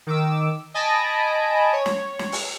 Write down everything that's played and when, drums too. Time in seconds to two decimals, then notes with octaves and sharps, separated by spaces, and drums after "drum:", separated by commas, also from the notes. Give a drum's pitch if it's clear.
0.07 D#3 D6 E6
0.74 D#5 G#5 A5 B5 A#6 D7
1.73 C#5
1.86 drum: snare
2.19 drum: snare
2.32 drum: open hi-hat